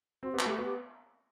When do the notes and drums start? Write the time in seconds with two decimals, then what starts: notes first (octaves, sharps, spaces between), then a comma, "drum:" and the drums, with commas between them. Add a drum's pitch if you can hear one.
0.23 C4 F#4
0.31 B3 G4
0.39 F#4, drum: clap
0.46 A3 G4
0.57 B3 F#4
0.64 G4